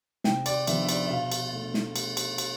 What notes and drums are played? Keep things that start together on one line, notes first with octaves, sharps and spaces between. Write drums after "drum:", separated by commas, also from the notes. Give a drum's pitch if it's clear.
C3 G5, drum: snare
D5, drum: cymbal
F3 B3 D4 E5, drum: cymbal
E5
D5, drum: cymbal
E5
B2 F5
drum: cymbal
A3 D4
drum: snare
drum: cymbal
drum: cymbal
drum: cymbal